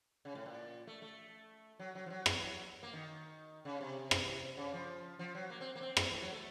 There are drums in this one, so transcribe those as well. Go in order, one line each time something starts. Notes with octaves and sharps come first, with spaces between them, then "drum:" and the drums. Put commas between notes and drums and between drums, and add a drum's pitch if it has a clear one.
C#3
A2
A#2
A3
A3
F#3
F#3
F3
F#3
drum: rim click
A#3
D#3
C#3
C3
drum: rim click
C#3
F3
F3
F#3
A#3
C4
A#3
C4
A3, drum: rim click
A3
F#3
A3